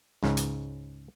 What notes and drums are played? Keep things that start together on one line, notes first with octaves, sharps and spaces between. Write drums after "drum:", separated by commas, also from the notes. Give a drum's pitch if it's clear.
C#2 G#2 C#3, drum: snare
drum: hi-hat